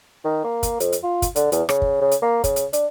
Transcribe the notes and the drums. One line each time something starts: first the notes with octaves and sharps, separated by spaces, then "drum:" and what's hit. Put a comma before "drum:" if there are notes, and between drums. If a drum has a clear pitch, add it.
D#3
A#3
drum: kick, hi-hat
F2, drum: hi-hat
drum: hi-hat
F4
drum: kick, hi-hat
D3, drum: hi-hat
E2, drum: hi-hat
C#3, drum: rim click
drum: kick
C#3
drum: hi-hat
A#3
C#3, drum: kick, hi-hat
drum: hi-hat
D4, drum: hi-hat